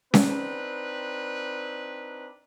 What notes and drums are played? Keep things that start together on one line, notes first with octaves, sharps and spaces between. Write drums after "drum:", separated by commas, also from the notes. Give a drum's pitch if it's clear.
C4 D4 D#4 B4, drum: snare C#4